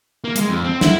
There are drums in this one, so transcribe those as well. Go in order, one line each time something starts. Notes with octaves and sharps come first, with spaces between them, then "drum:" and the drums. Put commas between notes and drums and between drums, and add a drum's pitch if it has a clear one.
A#3
G#3, drum: hi-hat
F2
C4
E4, drum: snare